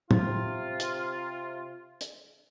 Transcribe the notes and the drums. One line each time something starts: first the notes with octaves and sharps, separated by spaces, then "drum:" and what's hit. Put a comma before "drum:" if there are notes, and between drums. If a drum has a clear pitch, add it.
C3 F4, drum: tom
drum: hi-hat
drum: hi-hat